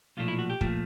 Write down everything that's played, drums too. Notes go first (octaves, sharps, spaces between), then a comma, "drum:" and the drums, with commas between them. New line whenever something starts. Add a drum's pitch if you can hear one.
B1 A#2 F3 A3 F4
E4
F#4
G4
A#2 F3 A3, drum: kick